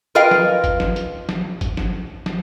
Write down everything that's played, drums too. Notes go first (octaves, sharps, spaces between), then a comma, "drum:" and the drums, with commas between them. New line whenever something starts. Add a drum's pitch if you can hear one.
F4 A#4 B4 D#5 F5 G5
drum: snare
drum: kick G1, hi-hat
drum: snare
drum: hi-hat
drum: snare
drum: kick G1, hi-hat
drum: snare
drum: snare